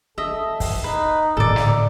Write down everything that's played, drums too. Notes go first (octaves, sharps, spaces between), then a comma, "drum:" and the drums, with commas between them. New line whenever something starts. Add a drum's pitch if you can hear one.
D4 A4 D#5 E5
drum: kick, open hi-hat
D#4 B4
A2 D3 A4 A#4 D5
drum: snare